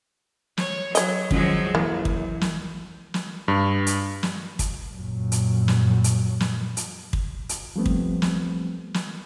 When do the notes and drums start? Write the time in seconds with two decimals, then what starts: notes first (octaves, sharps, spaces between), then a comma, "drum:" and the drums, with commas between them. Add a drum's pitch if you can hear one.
0.57 C#5, drum: snare
0.95 F#3 C#5 D#5, drum: hi-hat
1.31 D#3 F3 F#3 G#3 C#4, drum: kick
1.75 F#2 E3 A#3
2.05 drum: kick
2.41 drum: snare
3.14 drum: snare
3.48 G2
3.87 drum: hi-hat
4.23 drum: snare
4.59 drum: kick, hi-hat
4.95 F#2 A#2
5.32 drum: hi-hat
5.68 drum: snare
6.04 drum: hi-hat
6.40 drum: snare
6.77 drum: hi-hat
7.13 drum: kick
7.49 drum: hi-hat
7.76 F3 G3 A3 B3 C4
7.86 drum: kick
8.22 drum: snare
8.94 drum: snare